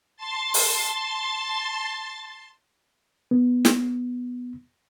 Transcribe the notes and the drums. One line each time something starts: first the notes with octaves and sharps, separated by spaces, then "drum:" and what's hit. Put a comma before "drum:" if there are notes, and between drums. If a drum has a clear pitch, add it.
A5 C6 A6
drum: open hi-hat
B3
drum: snare